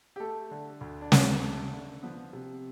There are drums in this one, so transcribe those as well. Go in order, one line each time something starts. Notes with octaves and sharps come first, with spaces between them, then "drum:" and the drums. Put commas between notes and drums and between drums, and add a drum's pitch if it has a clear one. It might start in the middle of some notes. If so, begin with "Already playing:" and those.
G4
A3 A4
D3
D2
D4
D2 C4, drum: snare
A3
D3
F3 B3
C3